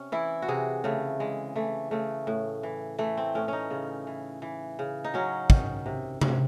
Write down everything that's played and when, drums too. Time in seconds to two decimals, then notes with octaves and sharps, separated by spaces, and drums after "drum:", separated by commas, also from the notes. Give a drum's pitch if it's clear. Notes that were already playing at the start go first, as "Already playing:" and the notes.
Already playing: C3 C#4
0.12 E3 E4
0.42 F#4
0.48 C3 G#4
0.84 C#3 A3
1.20 E3 G#3
1.56 E3 A3
1.91 C#3 A3
2.27 A2
2.63 E3
2.98 E3 A3
3.17 C4
3.35 A2 C#4
3.48 C#4 D#4
3.70 C#3
4.07 E3
4.42 E3
4.79 C#3
5.04 D#4
5.14 F#3 C#4
5.50 D#3, drum: kick
5.86 C3
6.21 C3, drum: tom C3